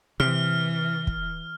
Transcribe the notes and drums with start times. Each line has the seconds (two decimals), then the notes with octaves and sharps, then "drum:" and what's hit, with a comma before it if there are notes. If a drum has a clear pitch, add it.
0.20 C3 E3 F6
1.07 drum: kick